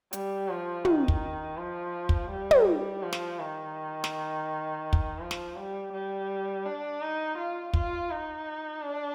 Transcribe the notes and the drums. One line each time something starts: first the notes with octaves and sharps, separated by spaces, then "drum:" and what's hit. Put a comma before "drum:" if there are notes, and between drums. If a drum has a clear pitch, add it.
G3, drum: hi-hat
F3
D#3, drum: tom
drum: kick
F3
drum: kick
G3
drum: tom
F3
drum: snare
D#3
drum: snare
drum: kick
F3
drum: snare
G3
G3
D4
D#4
F4
F4, drum: kick
D#4
D4